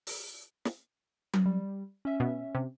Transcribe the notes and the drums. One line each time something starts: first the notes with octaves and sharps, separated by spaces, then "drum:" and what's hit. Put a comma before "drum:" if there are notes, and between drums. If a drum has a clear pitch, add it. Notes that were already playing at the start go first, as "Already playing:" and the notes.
drum: open hi-hat
drum: snare
drum: tom F#3
G3
C#4 E5
B2
C3